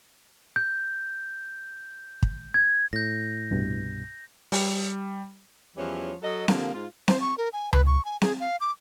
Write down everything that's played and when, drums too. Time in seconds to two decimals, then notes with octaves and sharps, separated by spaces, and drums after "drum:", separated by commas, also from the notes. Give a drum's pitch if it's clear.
0.56 G6
2.23 drum: kick
2.54 G#6
2.93 A2 G6 A#6
3.51 C2 G2 B2
4.52 G3, drum: open hi-hat
5.77 E2 E3 F3 G3 C#4 C#5
6.22 F#3 A4 D#5
6.48 D3 F3 G3 A#3, drum: snare C4
6.74 G#2 F4
7.08 C5, drum: snare C4
7.21 C#6
7.38 A#4
7.53 G#5
7.73 B4, drum: tom C#2
7.87 C#6
8.05 G#5
8.22 G#4, drum: snare C4
8.40 F5
8.61 D6